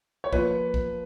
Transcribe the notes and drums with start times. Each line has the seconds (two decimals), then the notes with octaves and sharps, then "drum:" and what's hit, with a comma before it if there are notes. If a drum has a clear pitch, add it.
0.24 C#5
0.33 F3 A#3 F4 B4, drum: kick
0.74 drum: kick